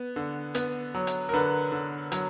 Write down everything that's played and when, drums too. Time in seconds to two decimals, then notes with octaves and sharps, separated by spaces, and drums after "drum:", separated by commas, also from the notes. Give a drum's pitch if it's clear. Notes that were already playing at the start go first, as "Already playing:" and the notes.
Already playing: B3
0.16 D3
0.55 B3, drum: hi-hat
0.95 F#3
1.07 drum: hi-hat
1.29 A#4
1.33 D3 B4
1.72 D3
2.12 F#3, drum: hi-hat